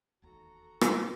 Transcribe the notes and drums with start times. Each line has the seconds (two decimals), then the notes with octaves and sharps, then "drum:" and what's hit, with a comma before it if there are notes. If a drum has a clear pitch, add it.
0.22 E1 D#2 F#4 A4 A#5
0.81 drum: rim click